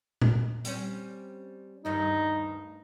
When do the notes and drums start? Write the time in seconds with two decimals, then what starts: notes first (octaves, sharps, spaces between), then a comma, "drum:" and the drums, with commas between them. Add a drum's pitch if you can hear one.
0.22 drum: tom A#2
0.65 G3 C4 C#4, drum: hi-hat
1.85 D2 G2 D#3 D#4